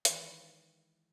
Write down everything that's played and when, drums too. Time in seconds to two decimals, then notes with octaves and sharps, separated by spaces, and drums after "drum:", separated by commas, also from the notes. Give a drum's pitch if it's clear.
0.05 D#3 E3 G#3 E4 F#4, drum: hi-hat